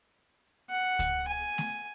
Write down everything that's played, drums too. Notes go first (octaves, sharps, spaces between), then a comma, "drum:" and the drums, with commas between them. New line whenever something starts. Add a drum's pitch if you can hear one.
F#5
drum: kick C#2, hi-hat
G#5
drum: snare A3